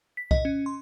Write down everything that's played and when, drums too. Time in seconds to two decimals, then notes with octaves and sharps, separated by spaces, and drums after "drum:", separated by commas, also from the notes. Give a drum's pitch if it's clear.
0.17 B6
0.31 D#5, drum: kick C2
0.45 C#4
0.66 C6